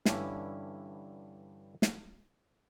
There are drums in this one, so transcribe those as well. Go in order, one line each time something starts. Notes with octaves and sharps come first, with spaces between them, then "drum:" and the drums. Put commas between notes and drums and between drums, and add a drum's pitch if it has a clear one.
G2 D3 E3 C#4 E4, drum: snare
drum: snare